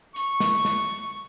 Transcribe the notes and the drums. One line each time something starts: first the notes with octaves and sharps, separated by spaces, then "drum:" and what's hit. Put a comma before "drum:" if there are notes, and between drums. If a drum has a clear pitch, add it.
C#6, drum: hi-hat
drum: snare
drum: snare